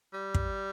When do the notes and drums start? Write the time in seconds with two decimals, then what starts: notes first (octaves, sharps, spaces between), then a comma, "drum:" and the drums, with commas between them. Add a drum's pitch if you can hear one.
0.14 G3
0.34 drum: kick